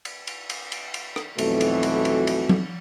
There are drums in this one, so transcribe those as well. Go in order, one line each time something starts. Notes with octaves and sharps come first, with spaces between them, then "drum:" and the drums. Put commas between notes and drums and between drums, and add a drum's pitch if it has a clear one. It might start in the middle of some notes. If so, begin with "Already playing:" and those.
drum: cymbal
drum: cymbal
drum: cymbal
drum: cymbal
drum: cymbal
drum: rim click
B1 F2 B2 E3 A3, drum: cymbal
drum: cymbal
drum: cymbal
drum: cymbal
drum: cymbal
drum: tom F3